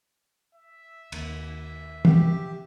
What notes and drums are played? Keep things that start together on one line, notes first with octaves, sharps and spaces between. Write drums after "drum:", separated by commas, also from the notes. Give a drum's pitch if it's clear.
E5
D#2, drum: cymbal
G4, drum: tom